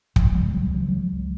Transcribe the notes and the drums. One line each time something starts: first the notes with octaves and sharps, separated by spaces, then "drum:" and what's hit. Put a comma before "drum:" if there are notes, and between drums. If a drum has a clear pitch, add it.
C#2 F3, drum: kick
C#2 G3
C#3 F#3
C#3 F#3
F3
C#2 F#3
C#2